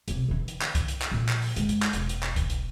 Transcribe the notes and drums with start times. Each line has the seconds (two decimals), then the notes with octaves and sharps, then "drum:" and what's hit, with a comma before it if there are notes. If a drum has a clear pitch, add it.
0.08 B1 C3, drum: hi-hat
0.28 D3 E3
0.48 drum: hi-hat
0.61 drum: clap
0.75 drum: kick C2, hi-hat
0.88 drum: hi-hat
1.02 drum: clap
1.12 A#2 F3
1.29 drum: clap
1.42 drum: open hi-hat
1.56 F#2 G#3, drum: hi-hat
1.69 drum: hi-hat
1.82 drum: clap
1.93 E1 B1, drum: hi-hat
2.09 drum: hi-hat
2.23 drum: clap
2.36 drum: kick C2, hi-hat
2.50 drum: hi-hat